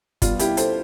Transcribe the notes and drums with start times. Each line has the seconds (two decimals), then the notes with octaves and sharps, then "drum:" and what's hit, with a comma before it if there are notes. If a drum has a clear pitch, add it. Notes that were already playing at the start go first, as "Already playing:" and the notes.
0.22 B2 G3 F4, drum: kick G1, hi-hat
0.39 E4 G4, drum: hi-hat
0.57 A4 C5, drum: hi-hat